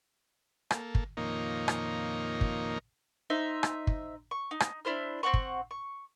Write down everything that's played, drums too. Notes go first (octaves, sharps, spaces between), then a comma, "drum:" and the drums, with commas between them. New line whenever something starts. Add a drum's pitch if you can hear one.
A#3 A4, drum: rim click
drum: kick
F2 A#2 D#3 A#3 D#4 C#5
drum: rim click
drum: kick
D#4 C5 E5
drum: rim click
drum: kick
C#6
D#4
drum: rim click
D4 E4 C5 F6
C4 C#4 F#5 C#6
drum: kick
C#6